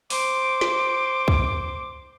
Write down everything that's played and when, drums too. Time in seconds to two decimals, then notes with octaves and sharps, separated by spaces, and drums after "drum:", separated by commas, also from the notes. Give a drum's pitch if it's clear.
0.10 C5 D6, drum: open hi-hat
0.61 drum: snare
1.28 drum: kick C2